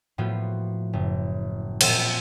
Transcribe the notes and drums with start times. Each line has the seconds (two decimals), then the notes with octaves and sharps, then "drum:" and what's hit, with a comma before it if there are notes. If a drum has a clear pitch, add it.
0.18 A2 F3 A#3 B3 F4 F#4
0.93 F#1
1.81 A#2 F3 C4 C5 E6 E7, drum: cymbal